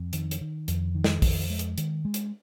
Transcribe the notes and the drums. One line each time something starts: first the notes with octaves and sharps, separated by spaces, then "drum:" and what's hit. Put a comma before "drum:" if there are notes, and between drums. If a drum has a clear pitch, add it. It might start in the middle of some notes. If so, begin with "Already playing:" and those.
Already playing: F2
D#3, drum: hi-hat
drum: hi-hat
D#3
F2, drum: hi-hat
D#3
drum: snare
F2, drum: kick, open hi-hat
G#3
drum: hi-hat
D#3, drum: hi-hat
G#3
drum: hi-hat